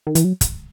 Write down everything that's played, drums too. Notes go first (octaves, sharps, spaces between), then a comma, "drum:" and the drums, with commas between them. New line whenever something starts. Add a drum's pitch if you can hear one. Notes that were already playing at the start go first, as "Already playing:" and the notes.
D#3
E3, drum: hi-hat
F#3
drum: kick, hi-hat